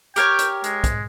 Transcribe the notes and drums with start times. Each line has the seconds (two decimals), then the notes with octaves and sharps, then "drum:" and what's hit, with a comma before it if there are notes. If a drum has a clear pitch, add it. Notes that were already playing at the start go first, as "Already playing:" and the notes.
0.16 G4 A#4 C#5 G5, drum: hi-hat
0.39 drum: hi-hat
0.64 G#3, drum: hi-hat
0.84 drum: kick, hi-hat